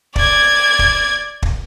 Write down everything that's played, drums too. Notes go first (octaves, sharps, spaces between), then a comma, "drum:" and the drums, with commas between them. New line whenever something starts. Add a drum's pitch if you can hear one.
D5 G#6, drum: kick
drum: kick
drum: kick